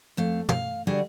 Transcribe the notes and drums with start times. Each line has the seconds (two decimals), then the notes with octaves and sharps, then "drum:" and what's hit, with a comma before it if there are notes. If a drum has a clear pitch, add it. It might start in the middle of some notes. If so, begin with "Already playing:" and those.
0.17 F2 A3 F5
0.49 F5, drum: tom
0.87 D3 G3 D4 F#4 G#4